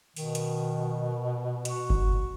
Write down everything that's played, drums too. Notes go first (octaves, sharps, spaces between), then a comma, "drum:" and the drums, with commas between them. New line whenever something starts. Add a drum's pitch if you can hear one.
B2 D#3, drum: open hi-hat
drum: hi-hat
F#4, drum: hi-hat
drum: kick F#1